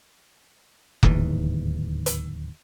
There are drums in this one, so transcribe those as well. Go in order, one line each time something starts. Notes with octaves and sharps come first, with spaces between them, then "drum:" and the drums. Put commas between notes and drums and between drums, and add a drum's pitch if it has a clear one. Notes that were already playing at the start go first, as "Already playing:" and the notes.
D1 D#2 G#2 E3, drum: kick F1
drum: hi-hat